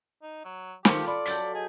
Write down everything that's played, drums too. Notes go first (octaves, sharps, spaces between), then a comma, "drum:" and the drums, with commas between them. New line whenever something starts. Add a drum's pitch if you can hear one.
D#4
F#3
D#3 F4 G4 A4 C5 C#7, drum: snare
D5 B5
F#3 A4 G6 A6 B6, drum: hi-hat
G#4 D#5